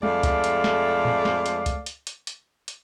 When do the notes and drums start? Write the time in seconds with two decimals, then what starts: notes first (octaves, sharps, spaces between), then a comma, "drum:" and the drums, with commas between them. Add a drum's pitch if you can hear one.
0.03 F2 G#3 A3 D5 F5, drum: tom G3
0.23 drum: kick C#2, hi-hat
0.44 drum: hi-hat
0.64 drum: snare
1.05 drum: tom A2
1.25 drum: snare
1.46 drum: hi-hat
1.66 drum: kick C#2, hi-hat
1.86 drum: hi-hat
2.07 drum: hi-hat
2.27 drum: hi-hat
2.68 drum: hi-hat